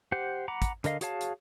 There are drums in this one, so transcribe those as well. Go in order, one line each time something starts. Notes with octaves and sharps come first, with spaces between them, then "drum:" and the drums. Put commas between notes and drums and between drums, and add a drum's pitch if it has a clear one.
G4 C5 F#5
F#5 A#5 B5 D6
drum: kick, hi-hat
D3 A#4 D#5 F5, drum: hi-hat
F#4 G#4 C#5 F5 A5, drum: hi-hat
drum: hi-hat